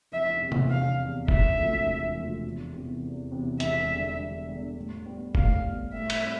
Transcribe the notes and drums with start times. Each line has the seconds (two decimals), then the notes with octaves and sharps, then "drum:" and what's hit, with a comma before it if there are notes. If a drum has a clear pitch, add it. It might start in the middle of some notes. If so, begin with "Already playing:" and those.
0.12 F1 E5
0.42 E2 C3
0.52 drum: tom C3
0.70 F1 F5
1.00 E2 C3
1.28 E1 E5, drum: kick F#1
1.58 D2 C3 F3 A3
1.87 E1
2.16 D2 C3 F3 A3
2.45 E2
2.73 C3 E3 B3
3.02 E2
3.31 C3 E3 B3
3.60 E1 E5, drum: hi-hat
3.89 E2 D3 G3
4.18 E1
4.47 E2 D3 G3
4.76 A2
5.05 G3 B3
5.35 A2 F5, drum: kick F#1
5.63 G3 B3
5.92 A2 E5
6.10 drum: cymbal
6.21 G3 C4